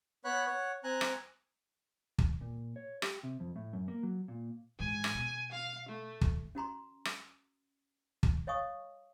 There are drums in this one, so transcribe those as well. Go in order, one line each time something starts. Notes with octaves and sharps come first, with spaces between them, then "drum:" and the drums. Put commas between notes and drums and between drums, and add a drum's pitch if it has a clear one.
B3 C#5 F#5 B5 F#6
C#5 F#5
C4 G#5 A#5 F#6
drum: rim click
drum: kick
A#2
C#5
G4, drum: rim click
C3
F2
A2
F#2
A#3
F#3
A#2
G#2 E3 G#5
drum: rim click
B2
F5
A3
drum: kick
C#4 F#4 A#5 C6
drum: rim click
drum: kick
C#5 D#5 F5 G#5 C#6 D#6